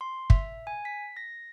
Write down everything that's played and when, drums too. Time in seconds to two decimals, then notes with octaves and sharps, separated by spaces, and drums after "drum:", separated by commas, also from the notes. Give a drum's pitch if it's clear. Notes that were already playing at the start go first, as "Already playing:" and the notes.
0.01 C6
0.30 E5, drum: kick
0.67 G#5
0.85 B6
1.17 A#6